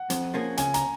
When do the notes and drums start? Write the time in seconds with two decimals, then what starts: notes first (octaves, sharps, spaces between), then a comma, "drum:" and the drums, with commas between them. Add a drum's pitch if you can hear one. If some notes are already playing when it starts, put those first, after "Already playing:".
Already playing: F#5
0.10 F2, drum: hi-hat
0.34 F3 A#3 C#4 G#4
0.57 C#3 G#5, drum: hi-hat
0.74 A#5, drum: hi-hat